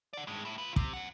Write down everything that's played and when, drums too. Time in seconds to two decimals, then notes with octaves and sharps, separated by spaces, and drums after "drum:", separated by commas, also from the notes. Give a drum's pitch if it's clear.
0.13 D5 F#5
0.27 G2 G#3
0.45 A2 E4
0.58 F4 B4
0.76 C3, drum: kick
0.93 F#2 F#5